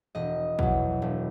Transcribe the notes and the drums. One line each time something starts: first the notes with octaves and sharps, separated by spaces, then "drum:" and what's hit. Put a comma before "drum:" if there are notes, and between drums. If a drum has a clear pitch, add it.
E1 D#5
E2 B2 F#3, drum: kick
E1